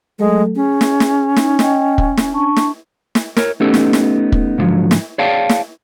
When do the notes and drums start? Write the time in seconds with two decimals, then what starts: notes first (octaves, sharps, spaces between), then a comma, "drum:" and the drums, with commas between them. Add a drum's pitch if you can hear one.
0.19 F#3 G#3 A3 A4
0.56 C#4 G#4
0.81 drum: snare
1.00 drum: snare
1.37 D#4, drum: snare
1.59 D#5 G5, drum: snare
1.98 drum: kick
2.17 drum: snare
2.32 D4 A5 C#6
2.57 drum: snare
3.15 drum: snare
3.37 A#4 C#5, drum: snare
3.60 A3 B3 C#4 D#4 G4 A4
3.74 drum: snare
3.93 drum: snare
4.32 drum: kick
4.58 G#2 B2 D3 D#3 F3 F#3
4.91 drum: snare
5.18 G#4 C#5 D5 F5 G5 A5
5.49 drum: snare